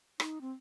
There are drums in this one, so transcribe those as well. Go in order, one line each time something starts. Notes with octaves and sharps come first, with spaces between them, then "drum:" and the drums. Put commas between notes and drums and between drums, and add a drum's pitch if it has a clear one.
D#4, drum: rim click
C4